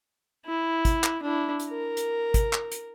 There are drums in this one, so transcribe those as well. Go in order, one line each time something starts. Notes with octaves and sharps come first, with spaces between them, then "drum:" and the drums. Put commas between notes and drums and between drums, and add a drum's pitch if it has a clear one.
E4
drum: kick, hi-hat
drum: clap
D4 E4
drum: hi-hat
A#4
drum: hi-hat
drum: kick, hi-hat
drum: clap
drum: hi-hat